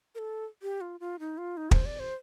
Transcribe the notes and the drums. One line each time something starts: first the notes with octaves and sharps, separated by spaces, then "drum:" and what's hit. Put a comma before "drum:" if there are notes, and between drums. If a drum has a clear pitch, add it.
A#4
A4
G4
F4
F4
D#4
F4
D#4
C5, drum: kick
D5
C5